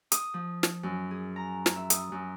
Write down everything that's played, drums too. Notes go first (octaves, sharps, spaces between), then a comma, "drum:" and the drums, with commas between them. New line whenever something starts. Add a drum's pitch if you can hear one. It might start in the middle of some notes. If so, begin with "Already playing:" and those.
D#6, drum: hi-hat
F3
drum: snare
F#2
G#4
A#5
drum: snare
E5
D#6, drum: hi-hat
F#2